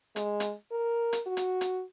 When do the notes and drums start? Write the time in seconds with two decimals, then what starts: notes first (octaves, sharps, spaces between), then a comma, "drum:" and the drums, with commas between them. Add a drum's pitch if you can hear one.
0.16 G#3, drum: hi-hat
0.40 drum: hi-hat
0.72 A#4
1.13 drum: hi-hat
1.26 F#4
1.37 drum: hi-hat
1.61 drum: hi-hat